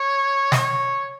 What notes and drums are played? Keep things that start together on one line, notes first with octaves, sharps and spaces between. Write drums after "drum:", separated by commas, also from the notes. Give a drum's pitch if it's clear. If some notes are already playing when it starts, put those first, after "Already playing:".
Already playing: C#5
D#5, drum: snare
C#5